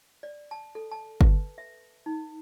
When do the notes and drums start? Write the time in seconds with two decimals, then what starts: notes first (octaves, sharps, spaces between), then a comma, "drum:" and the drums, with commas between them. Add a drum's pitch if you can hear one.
0.23 D5
0.51 A5
0.75 A4
0.91 A5
1.21 B4, drum: kick G1
1.58 E5
2.06 D#4